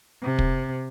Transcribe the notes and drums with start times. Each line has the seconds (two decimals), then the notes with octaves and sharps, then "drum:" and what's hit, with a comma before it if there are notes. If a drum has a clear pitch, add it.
0.22 C3
0.39 drum: kick